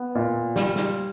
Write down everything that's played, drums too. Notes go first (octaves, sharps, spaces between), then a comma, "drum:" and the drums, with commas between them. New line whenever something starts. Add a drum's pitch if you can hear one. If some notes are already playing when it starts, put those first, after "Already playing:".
Already playing: B3
A#2
G3, drum: snare
drum: snare